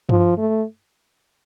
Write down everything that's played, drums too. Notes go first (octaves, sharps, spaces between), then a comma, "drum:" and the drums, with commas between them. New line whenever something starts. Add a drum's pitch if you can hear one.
F3, drum: tom G2
A3